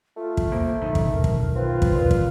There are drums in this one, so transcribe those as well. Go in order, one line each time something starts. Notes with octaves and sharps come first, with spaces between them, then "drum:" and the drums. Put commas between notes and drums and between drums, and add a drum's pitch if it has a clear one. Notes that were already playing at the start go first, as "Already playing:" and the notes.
A3 F4
drum: kick
A#3 C5
B1 D#3 D#4
drum: kick
A#4
drum: kick
C4 F4 B4
drum: kick
A#2
drum: kick